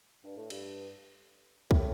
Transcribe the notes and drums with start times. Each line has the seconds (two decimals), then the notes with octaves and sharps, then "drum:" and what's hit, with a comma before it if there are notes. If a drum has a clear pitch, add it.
0.25 G2
0.37 A2
0.50 G2, drum: cymbal
1.71 A2, drum: kick C2